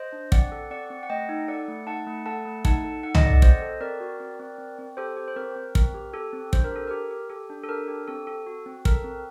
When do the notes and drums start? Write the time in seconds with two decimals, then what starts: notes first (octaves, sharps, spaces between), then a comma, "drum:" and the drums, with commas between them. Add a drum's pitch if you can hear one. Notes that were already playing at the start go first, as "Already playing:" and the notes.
Already playing: C5 D#5
0.12 D4
0.32 C4 D5 F#5, drum: kick
0.52 A4
0.71 C4 D5 F#5
0.90 C4
1.03 F#5
1.10 A3 D#5 G5
1.29 D#4
1.48 A4 D5 F#5
1.68 A3
1.87 D#4 F#5 A5
2.07 A3
2.26 A4 F#5 A5
2.45 A3
2.65 D#4 F#5 A5, drum: kick
2.85 A4
3.03 D#4 F#5
3.15 D#5, drum: tom C2
3.23 A4 D5 F#5
3.42 C4 C5 D#5, drum: kick
3.62 A4
3.81 C4 A#4 D5
4.00 F#4
4.20 C4
4.39 C4
4.58 C4
4.78 C4
4.97 G4 A4 C5
5.17 G4
5.28 C5
5.36 C4 A#4
5.56 C4
5.75 C4 A#4, drum: kick
5.94 G4
6.13 G4 A4
6.33 C4
6.53 D4 C5, drum: kick
6.64 A#4
6.71 G4 A4
6.87 G4 A#4
7.11 G4
7.30 G4 A4
7.50 D4
7.63 A4
7.69 D4 A#4
7.88 G4
8.08 C4 A4
8.27 A4
8.46 F#4
8.66 C4
8.85 A4 A#4, drum: kick
9.04 C4